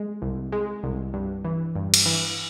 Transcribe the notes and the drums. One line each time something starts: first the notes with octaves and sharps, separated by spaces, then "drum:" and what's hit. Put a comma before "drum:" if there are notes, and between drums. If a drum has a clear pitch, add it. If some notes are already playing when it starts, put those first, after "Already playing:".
Already playing: G#3
C2
G#3
C2
G2
E3
G2
drum: cymbal
E3